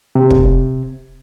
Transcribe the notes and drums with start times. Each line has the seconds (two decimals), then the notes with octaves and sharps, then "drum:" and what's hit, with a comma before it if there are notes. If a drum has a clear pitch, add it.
0.15 C3
0.31 drum: kick